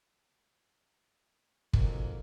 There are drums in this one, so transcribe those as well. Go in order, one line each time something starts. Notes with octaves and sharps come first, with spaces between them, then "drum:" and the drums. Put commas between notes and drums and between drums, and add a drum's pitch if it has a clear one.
F2 G#2 F#3 A#3, drum: kick